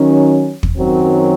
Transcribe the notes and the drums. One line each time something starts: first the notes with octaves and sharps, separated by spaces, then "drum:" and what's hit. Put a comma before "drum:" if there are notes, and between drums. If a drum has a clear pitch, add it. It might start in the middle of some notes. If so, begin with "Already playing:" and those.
Already playing: D#3 F#3 C#4
drum: kick
F#2 D#3 F#3 C4